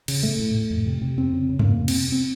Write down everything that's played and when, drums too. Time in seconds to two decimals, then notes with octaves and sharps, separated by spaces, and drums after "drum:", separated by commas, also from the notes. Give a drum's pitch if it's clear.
0.08 C#3, drum: cymbal
0.23 A2 A3
0.39 A2
0.54 A2
0.70 F2
0.86 C3
1.02 C3
1.17 F2 C4
1.33 C#3
1.49 C#3
1.59 A3, drum: tom G2
1.64 F2 A#3
1.80 C3
1.88 C4, drum: cymbal
1.97 C3
2.12 C4